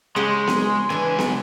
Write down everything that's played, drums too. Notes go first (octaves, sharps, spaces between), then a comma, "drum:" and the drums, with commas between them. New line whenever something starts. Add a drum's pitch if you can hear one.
C#3 G#3 G4 G#4 F#5 C6
drum: snare B3
C#2 E3 D4 B4 G#5
drum: snare B3